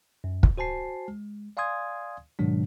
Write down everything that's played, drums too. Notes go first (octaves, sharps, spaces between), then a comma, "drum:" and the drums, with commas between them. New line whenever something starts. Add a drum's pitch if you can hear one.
F#2
drum: kick
F#4 C5 G#5 A5 C7
G#3
D5 F5 G#5 C6 D#6 G#6
G#2 B2 D#3 F#3 G#3 D4